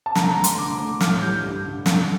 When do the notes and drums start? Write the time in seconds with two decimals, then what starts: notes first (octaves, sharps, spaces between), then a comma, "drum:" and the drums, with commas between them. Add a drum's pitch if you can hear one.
0.06 A5
0.15 D3 A#5, drum: snare
0.30 A#5
0.37 A3
0.44 C6, drum: hi-hat
0.58 D3 D6
0.79 A3 D6
1.01 A2 F6, drum: snare
1.21 G3 G6
1.43 G2
1.65 D3
1.86 D3, drum: snare